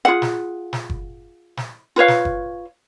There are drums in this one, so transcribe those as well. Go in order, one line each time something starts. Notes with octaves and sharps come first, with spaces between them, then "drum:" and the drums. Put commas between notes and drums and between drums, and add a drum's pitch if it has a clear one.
F4 G#4 F#5
drum: snare
drum: snare
drum: kick F#1
drum: snare
F4 B4 C#5 F5
drum: snare
drum: kick F#1